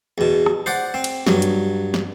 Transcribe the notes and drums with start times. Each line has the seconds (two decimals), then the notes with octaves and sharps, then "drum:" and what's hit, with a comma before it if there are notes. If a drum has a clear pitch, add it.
0.18 E2 B2
0.46 drum: rim click
0.66 C5 D5 F#5
0.94 C4
1.04 drum: cymbal
1.27 G2 F#3, drum: snare
1.42 drum: hi-hat
1.94 drum: snare